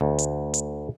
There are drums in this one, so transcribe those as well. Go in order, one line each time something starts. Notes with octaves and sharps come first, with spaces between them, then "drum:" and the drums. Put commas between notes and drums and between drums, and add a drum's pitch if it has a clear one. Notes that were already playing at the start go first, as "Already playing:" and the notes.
D2
drum: hi-hat
drum: hi-hat